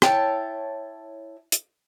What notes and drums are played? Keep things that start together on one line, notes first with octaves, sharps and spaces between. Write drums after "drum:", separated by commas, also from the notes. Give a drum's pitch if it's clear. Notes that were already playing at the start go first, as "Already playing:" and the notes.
E4 C#5 G5 A5, drum: rim click
drum: hi-hat